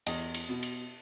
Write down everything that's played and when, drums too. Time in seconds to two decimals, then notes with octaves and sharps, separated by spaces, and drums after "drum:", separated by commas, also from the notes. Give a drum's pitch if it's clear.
0.07 E2 D#5, drum: cymbal
0.34 drum: cymbal
0.49 B2
0.63 drum: cymbal